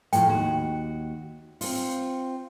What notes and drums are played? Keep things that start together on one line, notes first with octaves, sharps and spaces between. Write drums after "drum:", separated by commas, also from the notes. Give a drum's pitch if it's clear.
A2 F3 G5, drum: hi-hat
D#2 F#4
C4 F4, drum: open hi-hat